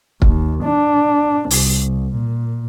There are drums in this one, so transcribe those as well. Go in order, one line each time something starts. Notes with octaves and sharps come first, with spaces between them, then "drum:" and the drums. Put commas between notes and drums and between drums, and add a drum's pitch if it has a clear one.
D#2, drum: kick
D4
C2, drum: open hi-hat
A#2